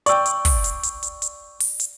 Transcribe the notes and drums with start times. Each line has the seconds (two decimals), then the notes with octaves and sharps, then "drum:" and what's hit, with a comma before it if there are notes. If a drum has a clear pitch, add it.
0.06 D5 G5 C#6 E6, drum: hi-hat
0.26 drum: hi-hat
0.45 drum: kick, open hi-hat
0.64 drum: hi-hat
0.83 drum: hi-hat
1.03 drum: hi-hat
1.22 drum: hi-hat
1.60 drum: open hi-hat
1.80 drum: hi-hat